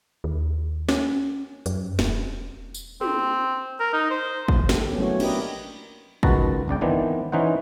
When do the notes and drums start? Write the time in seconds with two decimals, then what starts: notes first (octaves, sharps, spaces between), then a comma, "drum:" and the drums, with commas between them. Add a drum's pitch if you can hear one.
0.24 D#2
0.89 C#4, drum: snare
1.66 F#2, drum: hi-hat
1.99 E1, drum: snare
2.74 drum: tambourine
3.01 C4, drum: tom
3.80 A#4
3.93 D#4
4.10 C5
4.48 drum: kick
4.69 G4 A4, drum: snare
4.85 A#3 B3 C#4
4.98 F#3 A3 C#4 E4 F#4 C#5
5.20 D4 G4 A#4 B4 D#5, drum: cymbal
6.23 C#2 D#3 F#4 B4 A5 A#5, drum: kick
6.68 G1 C#2 D5 G5
6.81 D#3 E3 B3 C4 D4
7.32 E3 C#4 D#4 C5 F#5